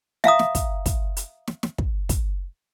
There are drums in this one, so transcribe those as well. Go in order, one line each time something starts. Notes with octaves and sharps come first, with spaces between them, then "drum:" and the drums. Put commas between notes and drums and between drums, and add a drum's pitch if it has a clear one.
E5 F5 A#5 D#6, drum: snare
drum: snare
drum: kick, hi-hat
drum: kick, hi-hat
drum: hi-hat
drum: snare
drum: snare
drum: kick
drum: kick, hi-hat